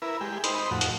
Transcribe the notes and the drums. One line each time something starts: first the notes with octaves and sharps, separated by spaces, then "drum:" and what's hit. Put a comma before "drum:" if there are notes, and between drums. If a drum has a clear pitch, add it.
E4 A#4 B4
G#3 G4
D#4 C5 B5, drum: hi-hat
F2 A2 F#4
drum: hi-hat